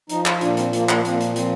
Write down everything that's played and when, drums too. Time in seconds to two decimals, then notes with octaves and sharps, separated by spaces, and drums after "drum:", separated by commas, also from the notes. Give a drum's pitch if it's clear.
0.09 F3 D#4, drum: hi-hat
0.26 F4, drum: clap
0.41 A#2 D4, drum: hi-hat
0.57 C4, drum: hi-hat
0.73 F3 A#3, drum: hi-hat
0.89 A#3, drum: clap
1.05 A#2 C4, drum: hi-hat
1.21 drum: hi-hat
1.36 F3 C4, drum: hi-hat